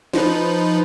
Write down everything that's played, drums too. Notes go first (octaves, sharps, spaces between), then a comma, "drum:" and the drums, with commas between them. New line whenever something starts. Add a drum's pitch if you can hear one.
F3 D#4 B4, drum: snare